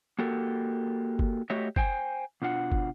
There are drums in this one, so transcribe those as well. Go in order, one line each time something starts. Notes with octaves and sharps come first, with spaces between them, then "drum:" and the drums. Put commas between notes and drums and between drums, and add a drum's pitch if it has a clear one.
A#3 F#4 G4 A4 A#4
drum: kick
A3 F#4 G4 C#5 D#5 E5
C5 G5 G#5, drum: kick
B2 D4 F4 F#5
drum: kick